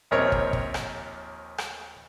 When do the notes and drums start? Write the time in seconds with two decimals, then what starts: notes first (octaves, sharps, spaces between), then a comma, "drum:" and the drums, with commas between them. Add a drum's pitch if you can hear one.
0.11 A#1 D#2 C4 A#4 C#5
0.32 drum: kick
0.53 drum: kick
0.74 drum: rim click
1.58 drum: rim click